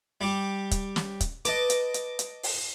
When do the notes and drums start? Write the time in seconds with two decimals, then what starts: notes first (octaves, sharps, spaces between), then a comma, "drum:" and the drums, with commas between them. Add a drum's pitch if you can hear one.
0.21 G3 G4
0.71 drum: kick, hi-hat
0.96 drum: snare
1.21 drum: kick, hi-hat
1.45 B4 D#5 A5 D6, drum: hi-hat
1.70 drum: hi-hat
1.94 drum: hi-hat
2.19 drum: hi-hat
2.43 drum: open hi-hat